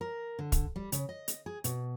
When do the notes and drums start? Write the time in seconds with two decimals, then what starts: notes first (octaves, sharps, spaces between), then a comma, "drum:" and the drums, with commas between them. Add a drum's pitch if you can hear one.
0.01 A#4
0.39 D3
0.52 drum: kick, hi-hat
0.76 G3
0.92 C#3, drum: hi-hat
1.09 D#5
1.28 drum: hi-hat
1.46 G#4
1.64 B2, drum: hi-hat